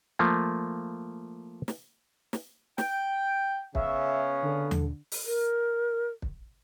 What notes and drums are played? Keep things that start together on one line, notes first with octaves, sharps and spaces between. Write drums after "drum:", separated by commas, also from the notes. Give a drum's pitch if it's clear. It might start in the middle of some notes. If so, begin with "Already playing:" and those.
F3 A3 A#3
drum: snare
drum: snare
G5, drum: snare
C#3 B3 C#4 E5, drum: kick
D3
drum: tom D#2
drum: open hi-hat
A#4
drum: kick